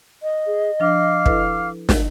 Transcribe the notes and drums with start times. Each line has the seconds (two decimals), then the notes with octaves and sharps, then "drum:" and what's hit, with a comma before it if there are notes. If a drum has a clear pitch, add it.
0.23 D#5
0.47 G#4
0.80 F3 D4 F5 D6 F6
1.26 E4 A4 B4, drum: kick
1.89 drum: snare